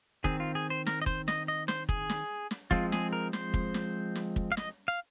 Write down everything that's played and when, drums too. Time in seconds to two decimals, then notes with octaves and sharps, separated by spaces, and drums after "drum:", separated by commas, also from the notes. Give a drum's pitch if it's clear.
0.24 D#3 C4 G#4, drum: kick
0.40 F4
0.55 G#4
0.70 C5
0.87 A#4, drum: snare
1.02 D#5
1.06 C5, drum: kick
1.28 D#5, drum: snare
1.48 D#5
1.68 C5, drum: snare
1.89 G#4, drum: kick
2.10 drum: snare
2.51 drum: snare
2.71 F3 G#3 C4 F4, drum: kick
2.92 G#4, drum: snare
3.13 A#4
3.33 C5, drum: snare
3.54 drum: kick
3.74 drum: snare
4.15 drum: snare
4.36 drum: kick
4.52 F5
4.57 D#5, drum: snare
4.88 F5